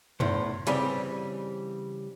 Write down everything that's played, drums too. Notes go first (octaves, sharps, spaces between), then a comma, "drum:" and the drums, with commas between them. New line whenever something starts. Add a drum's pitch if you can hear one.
E2 A2 C5, drum: tom F#2
C#3 E3 G3 C4, drum: hi-hat